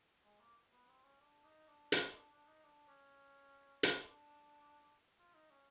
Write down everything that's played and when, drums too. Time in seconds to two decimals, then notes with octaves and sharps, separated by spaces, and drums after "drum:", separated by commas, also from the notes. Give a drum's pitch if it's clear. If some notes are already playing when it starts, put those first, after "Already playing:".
0.25 G#3
0.41 A#3
0.72 B3
0.88 C4
1.04 C#4
1.20 D4
1.44 D#4
1.68 D4
1.92 D#4, drum: hi-hat
2.16 D4
2.32 D4
2.48 D#4
2.64 D4
2.88 C#4
3.83 drum: hi-hat
4.07 D4
5.19 F4
5.34 D#4
5.51 C#4